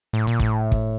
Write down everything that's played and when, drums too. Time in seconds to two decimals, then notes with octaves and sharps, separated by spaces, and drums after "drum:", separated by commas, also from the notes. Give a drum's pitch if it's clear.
0.13 A2
0.27 A#2
0.40 A2, drum: kick
0.72 drum: kick